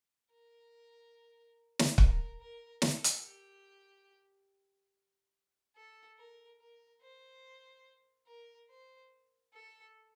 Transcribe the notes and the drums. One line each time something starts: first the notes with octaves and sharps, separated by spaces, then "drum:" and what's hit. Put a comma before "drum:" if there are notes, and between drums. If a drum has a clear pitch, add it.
A#4
drum: snare
A#4, drum: kick
A#4
A4, drum: snare
drum: hi-hat
G4
A4
A#4
A#4
C5
A#4
C5
A4